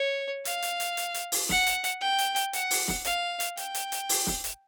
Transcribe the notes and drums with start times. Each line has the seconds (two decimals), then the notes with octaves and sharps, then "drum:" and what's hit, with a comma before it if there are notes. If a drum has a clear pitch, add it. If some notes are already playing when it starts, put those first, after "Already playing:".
Already playing: C#5
0.45 F5, drum: hi-hat
0.62 drum: hi-hat
0.80 drum: hi-hat
0.97 drum: hi-hat
1.14 drum: hi-hat
1.32 drum: open hi-hat
1.49 F#5, drum: snare
1.67 drum: hi-hat
1.84 drum: hi-hat
2.01 G5
2.19 drum: hi-hat
2.36 drum: hi-hat
2.53 F#5, drum: hi-hat
2.71 drum: open hi-hat
2.88 drum: snare
3.05 F5, drum: hi-hat
3.40 drum: hi-hat
3.57 G5, drum: hi-hat
3.75 drum: hi-hat
3.92 drum: hi-hat
4.09 drum: open hi-hat
4.27 drum: snare
4.44 drum: hi-hat